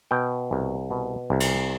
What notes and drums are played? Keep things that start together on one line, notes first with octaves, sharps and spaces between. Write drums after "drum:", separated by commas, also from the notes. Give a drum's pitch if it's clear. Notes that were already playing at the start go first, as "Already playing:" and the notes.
B2 G5
C2
B2
C2
drum: cymbal